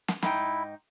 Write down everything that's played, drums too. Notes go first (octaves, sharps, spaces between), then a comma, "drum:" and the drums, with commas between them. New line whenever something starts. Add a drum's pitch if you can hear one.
drum: snare
G#2 D#4 E4 G5, drum: snare